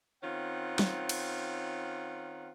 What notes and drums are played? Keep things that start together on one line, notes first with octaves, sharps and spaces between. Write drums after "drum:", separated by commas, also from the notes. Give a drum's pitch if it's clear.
D#3 C4 C#4 F4 F#5
drum: snare
drum: cymbal